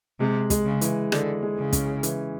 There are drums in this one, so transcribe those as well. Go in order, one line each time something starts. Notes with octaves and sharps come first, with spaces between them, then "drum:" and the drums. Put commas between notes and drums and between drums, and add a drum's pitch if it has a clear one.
C3 G#3
G#3, drum: kick, hi-hat
C#3
E3, drum: hi-hat
D3 G#3, drum: rim click
G#3
C#3
C#4, drum: kick, hi-hat
E3, drum: hi-hat